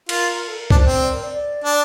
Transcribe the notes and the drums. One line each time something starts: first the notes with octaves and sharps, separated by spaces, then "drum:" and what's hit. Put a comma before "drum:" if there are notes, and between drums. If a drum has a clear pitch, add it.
F4 A#4, drum: cymbal
A4
A#4
D4 C5, drum: kick C2
C4
D5
A#4
D5
D5
D4